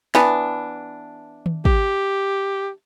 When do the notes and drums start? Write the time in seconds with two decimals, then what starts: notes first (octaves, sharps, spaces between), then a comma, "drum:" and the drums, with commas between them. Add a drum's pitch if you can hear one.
0.15 E3 B3 D4, drum: snare
1.46 drum: tom D#3
1.65 G4, drum: kick